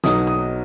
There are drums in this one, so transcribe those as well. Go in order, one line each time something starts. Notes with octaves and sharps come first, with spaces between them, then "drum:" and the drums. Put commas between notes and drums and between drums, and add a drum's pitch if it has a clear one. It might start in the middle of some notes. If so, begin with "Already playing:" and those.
B1 B2 F#3 B3 D#4 D#6, drum: snare
D#6